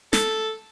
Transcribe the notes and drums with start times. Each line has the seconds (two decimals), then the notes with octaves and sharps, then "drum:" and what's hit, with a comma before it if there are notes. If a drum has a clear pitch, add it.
0.13 A4, drum: snare